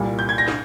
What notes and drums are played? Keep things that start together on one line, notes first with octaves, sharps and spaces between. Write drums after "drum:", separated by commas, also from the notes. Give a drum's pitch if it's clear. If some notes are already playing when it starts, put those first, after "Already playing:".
Already playing: C2 A#2 G3
G6
G#6
A#6
drum: snare